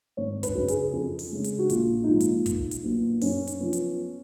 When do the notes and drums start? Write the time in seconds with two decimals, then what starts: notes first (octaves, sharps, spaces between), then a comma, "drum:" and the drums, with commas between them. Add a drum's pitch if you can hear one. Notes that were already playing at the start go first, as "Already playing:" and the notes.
0.17 G#1 C#5
0.43 B4, drum: kick, hi-hat
0.55 F#2 C#3 F#3
0.68 G#4, drum: hi-hat
0.93 F2
1.19 drum: open hi-hat
1.32 C#3 G#3
1.44 drum: hi-hat
1.59 F#4
1.70 A#1 F4, drum: hi-hat
2.04 D#4
2.08 G#2 F3 A#3 F4
2.20 drum: hi-hat
2.46 B1, drum: kick, hi-hat
2.71 drum: hi-hat
2.84 A#2 F#3 B3
3.22 F#2 C#4, drum: open hi-hat
3.47 drum: hi-hat
3.60 F3 B3
3.73 drum: hi-hat